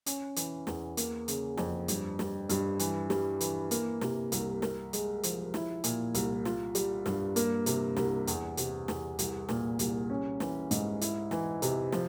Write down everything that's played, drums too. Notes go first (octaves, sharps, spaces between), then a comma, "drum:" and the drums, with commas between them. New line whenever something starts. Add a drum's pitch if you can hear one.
C#4, drum: hi-hat
E3, drum: hi-hat
E2, drum: snare
A#3, drum: hi-hat
C#3, drum: hi-hat
F2, drum: snare
G2, drum: hi-hat
G3, drum: snare
G2, drum: hi-hat
E3, drum: hi-hat
G3, drum: snare
E3, drum: hi-hat
A#3, drum: hi-hat
C3, drum: snare
C2, drum: hi-hat
A#4, drum: snare
G#3, drum: hi-hat
F3, drum: hi-hat
E4, drum: snare
A#2, drum: hi-hat
C2, drum: hi-hat
F4, drum: snare
G3, drum: hi-hat
G2, drum: snare
A#3, drum: hi-hat
C3, drum: hi-hat
C2, drum: snare
E2, drum: hi-hat
C3, drum: hi-hat
E2, drum: snare
C2, drum: hi-hat
A#2, drum: snare
C2, drum: hi-hat
C#4
E3, drum: snare
G#2, drum: hi-hat
E4, drum: hi-hat
E3, drum: snare
C3, drum: hi-hat
F3, drum: snare